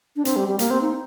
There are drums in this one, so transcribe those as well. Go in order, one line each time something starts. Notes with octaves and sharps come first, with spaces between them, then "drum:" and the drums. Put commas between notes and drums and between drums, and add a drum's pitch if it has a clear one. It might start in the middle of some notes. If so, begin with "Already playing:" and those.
D4
C4, drum: hi-hat
G3
G3
A#3, drum: hi-hat
C4
D#4